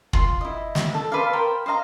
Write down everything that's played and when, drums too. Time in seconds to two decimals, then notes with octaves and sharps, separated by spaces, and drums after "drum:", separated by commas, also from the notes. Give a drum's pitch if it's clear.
0.13 F4 C6, drum: kick
0.41 E4 D#5
0.75 drum: snare
0.94 A4
1.12 B4 C5 D5 F5
1.33 A#4 C5 G5 B5
1.66 C5 D#5 F5 A#5